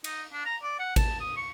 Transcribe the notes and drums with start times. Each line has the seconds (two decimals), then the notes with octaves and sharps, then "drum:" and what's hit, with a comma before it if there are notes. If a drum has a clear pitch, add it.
0.04 D#4, drum: cymbal
0.33 D4
0.45 A#5
0.63 D5
0.79 F#5
0.96 A5, drum: kick G#1, cymbal
1.20 D#6
1.37 C#6